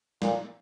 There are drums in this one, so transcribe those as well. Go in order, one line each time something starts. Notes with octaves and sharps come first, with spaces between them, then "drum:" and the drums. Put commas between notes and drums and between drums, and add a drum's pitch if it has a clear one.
A#2, drum: snare